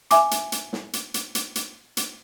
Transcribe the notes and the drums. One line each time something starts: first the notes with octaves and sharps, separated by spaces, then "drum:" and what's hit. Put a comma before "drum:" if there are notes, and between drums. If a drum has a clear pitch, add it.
E5 G#5 D6, drum: hi-hat
drum: hi-hat
drum: hi-hat
drum: snare
drum: hi-hat
drum: hi-hat
drum: hi-hat
drum: hi-hat
drum: hi-hat